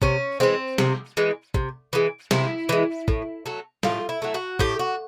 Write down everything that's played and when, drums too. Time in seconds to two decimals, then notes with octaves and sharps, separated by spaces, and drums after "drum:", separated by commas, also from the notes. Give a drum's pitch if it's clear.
0.02 C3 C#4, drum: kick
0.40 E3 G#3 C4
0.78 C3, drum: snare
1.17 E3 G#3
1.54 C3, drum: kick
1.93 E3 G#3
2.31 C3 E4, drum: snare
2.69 E3 G#3
3.08 A2, drum: kick
3.46 F#3 A3
3.83 A2 F4, drum: snare
4.09 E4
4.22 F#3 A3
4.34 F#4
4.59 A2 G4, drum: kick
4.79 F#4